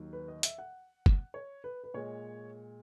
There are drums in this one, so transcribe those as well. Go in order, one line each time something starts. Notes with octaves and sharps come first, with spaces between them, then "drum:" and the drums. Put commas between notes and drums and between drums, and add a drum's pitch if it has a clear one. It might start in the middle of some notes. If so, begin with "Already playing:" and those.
Already playing: D#2 D#3 F#3
B4
D#5
E5, drum: hi-hat
F#5
drum: kick F#1
C#5
B4
B4
A#2 G#3 C#5